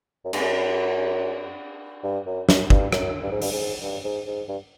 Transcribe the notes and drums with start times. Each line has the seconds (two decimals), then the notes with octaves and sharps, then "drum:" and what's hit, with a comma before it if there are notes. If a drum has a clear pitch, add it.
0.25 F#2
0.33 G2, drum: cymbal
0.41 F#2
2.03 G2
2.26 F#2
2.49 F#2, drum: snare
2.70 G2, drum: kick
2.92 F#2, drum: rim click
3.22 G2
3.32 G#2
3.42 G2, drum: open hi-hat
3.52 G#2
3.82 G2
4.04 G#2
4.26 G#2
4.48 G2